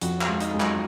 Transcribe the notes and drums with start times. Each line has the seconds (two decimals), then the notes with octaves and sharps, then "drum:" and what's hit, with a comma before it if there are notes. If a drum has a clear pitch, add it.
0.01 F2 F#4, drum: hi-hat
0.21 F4, drum: clap
0.28 G#3
0.40 D#4, drum: hi-hat
0.54 G#3
0.60 F#3, drum: clap